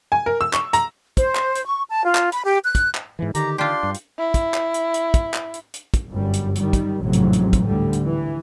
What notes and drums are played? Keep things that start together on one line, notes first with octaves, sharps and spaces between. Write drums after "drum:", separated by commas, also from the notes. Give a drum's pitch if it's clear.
G#5
A#4
E6
C#6, drum: clap
A#5, drum: hi-hat
C5, drum: kick, hi-hat
drum: clap
drum: hi-hat
C#6
A5
F4
drum: clap
B5, drum: hi-hat
G4
F#6
drum: kick, hi-hat
drum: clap
G#2 E3
D3 D#3 G4 A#5, drum: hi-hat
D4 F4 G4 C6
G2
drum: hi-hat
E4
drum: kick, hi-hat
drum: clap
drum: hi-hat
drum: hi-hat
drum: kick, hi-hat
drum: clap
drum: hi-hat
drum: hi-hat
drum: kick, hi-hat
G1 F#2 G3
drum: hi-hat
D#3 G3, drum: hi-hat
drum: kick, hi-hat
A1 F2 G#2 C3 F#3
drum: hi-hat
drum: hi-hat
drum: kick, hi-hat
D2 D3 G3
drum: hi-hat
E3